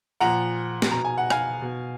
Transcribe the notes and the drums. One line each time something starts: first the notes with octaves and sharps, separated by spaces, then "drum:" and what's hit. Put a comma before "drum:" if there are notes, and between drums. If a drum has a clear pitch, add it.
A#2 F3 F#5 A#5
drum: snare
B2 A#5
G#5
F#5
F5 G#5, drum: rim click
B2